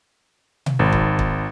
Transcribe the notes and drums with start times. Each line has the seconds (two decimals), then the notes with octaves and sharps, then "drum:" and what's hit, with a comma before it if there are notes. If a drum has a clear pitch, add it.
0.66 drum: tom B2
0.79 G#1
0.92 drum: kick
1.19 drum: kick